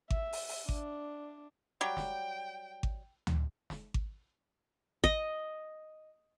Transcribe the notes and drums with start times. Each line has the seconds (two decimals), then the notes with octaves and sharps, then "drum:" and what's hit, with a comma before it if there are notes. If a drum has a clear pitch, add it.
0.10 E5, drum: kick G#1
0.33 drum: open hi-hat
0.49 drum: open hi-hat
0.69 D4, drum: kick G#1
1.81 F#3 G3 G5
1.97 drum: snare
2.83 drum: kick G#1
3.27 drum: tom D2
3.70 drum: snare
3.94 drum: kick G#1
5.04 D#5, drum: kick G#1